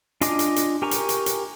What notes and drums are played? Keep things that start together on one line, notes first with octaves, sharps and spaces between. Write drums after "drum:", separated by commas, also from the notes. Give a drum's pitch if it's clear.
D4 F4 D#5 G#5 D6, drum: hi-hat
drum: hi-hat
drum: hi-hat
G4 A#4 G#5 A#5 C#6
drum: hi-hat
drum: hi-hat
drum: hi-hat